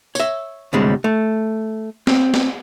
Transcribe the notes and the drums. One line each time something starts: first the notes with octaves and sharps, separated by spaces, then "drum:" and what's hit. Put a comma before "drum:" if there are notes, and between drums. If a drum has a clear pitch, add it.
C#5 E5, drum: tambourine
D2 A2 C3 G3 G#3
A3
C4, drum: snare
drum: snare